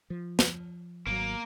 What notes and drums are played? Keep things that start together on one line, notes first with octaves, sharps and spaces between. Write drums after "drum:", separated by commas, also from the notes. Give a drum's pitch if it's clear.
F3
drum: snare
G#1 B2 F#3 A#3